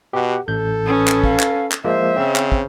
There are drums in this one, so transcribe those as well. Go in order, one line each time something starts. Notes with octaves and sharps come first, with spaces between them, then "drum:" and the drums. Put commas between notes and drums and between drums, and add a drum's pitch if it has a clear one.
B2 G4 F#5
A1 A4 G6
C#4 B4 D#6
drum: clap
F5, drum: kick
drum: clap
drum: clap
F3 G#3 A#3 C5 E5
C#3 C4
drum: clap
drum: kick